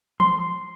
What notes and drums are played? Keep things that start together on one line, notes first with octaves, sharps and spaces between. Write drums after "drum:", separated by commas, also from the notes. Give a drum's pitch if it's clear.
C6, drum: tom E3